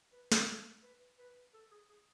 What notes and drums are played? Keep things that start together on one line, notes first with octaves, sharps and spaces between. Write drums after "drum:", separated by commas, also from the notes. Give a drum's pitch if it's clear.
B4
drum: snare
A4
B4
B4
A4
G#4
G#4